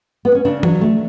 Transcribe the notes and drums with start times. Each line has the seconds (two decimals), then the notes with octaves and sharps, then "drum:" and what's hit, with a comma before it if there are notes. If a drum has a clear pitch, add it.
0.25 B3
0.35 C#4
0.45 C#3 D4
0.63 F#3, drum: tom E3
0.81 A3